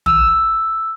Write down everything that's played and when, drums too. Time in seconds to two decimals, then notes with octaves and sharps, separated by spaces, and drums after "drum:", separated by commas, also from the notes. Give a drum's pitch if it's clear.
0.06 E6, drum: tom